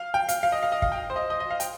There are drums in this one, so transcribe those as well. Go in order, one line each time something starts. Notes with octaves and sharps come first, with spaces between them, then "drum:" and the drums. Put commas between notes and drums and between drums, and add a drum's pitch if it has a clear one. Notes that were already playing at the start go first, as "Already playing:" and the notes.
Already playing: F5
G5
F5, drum: hi-hat
F5
D#5
F5
D#5
F5, drum: kick
G5
C5
D#5
D#5
D#5
F5
G5, drum: hi-hat